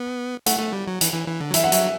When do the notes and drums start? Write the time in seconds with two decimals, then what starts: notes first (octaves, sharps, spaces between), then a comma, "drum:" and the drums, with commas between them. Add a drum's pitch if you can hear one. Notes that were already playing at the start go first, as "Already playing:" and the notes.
Already playing: B3
0.46 A3 F#5, drum: hi-hat
0.59 A3
0.73 G3
0.87 F#3
1.01 E3, drum: hi-hat
1.13 E3
1.28 E3
1.40 D3
1.51 F#3
1.54 E3 E5, drum: hi-hat
1.64 F#5
1.72 F#3 E5, drum: hi-hat